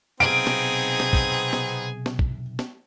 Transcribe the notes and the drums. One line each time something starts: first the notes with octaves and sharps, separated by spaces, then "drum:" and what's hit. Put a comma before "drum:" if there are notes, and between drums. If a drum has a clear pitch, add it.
B1 C3 B3 C4 D#4 G#4 F5 D7
drum: snare
drum: snare
drum: kick
drum: snare
drum: snare
drum: kick
drum: snare